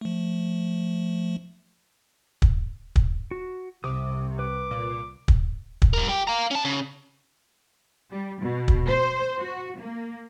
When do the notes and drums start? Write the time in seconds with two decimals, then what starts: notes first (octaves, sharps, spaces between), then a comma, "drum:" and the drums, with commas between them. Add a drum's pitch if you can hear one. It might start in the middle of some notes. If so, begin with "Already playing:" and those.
0.01 F3 A3
2.42 drum: kick
2.96 drum: kick
3.31 F#4
3.84 C2 C3 D6 D#6
4.39 B4 D6
4.71 A#2
5.28 drum: kick
5.82 drum: kick
5.93 G3 A#4
6.09 G4
6.27 F5 A#5
6.51 C#4 A5
6.65 C#3
8.11 G3
8.41 B2
8.68 drum: kick
8.87 C5
9.39 F#4
9.80 A#3